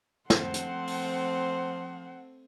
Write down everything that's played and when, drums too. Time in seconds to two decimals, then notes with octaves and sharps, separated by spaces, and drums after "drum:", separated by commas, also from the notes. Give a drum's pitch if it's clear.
0.30 F3 A3 C4 C5 F#5, drum: snare
0.54 drum: hi-hat
0.87 drum: open hi-hat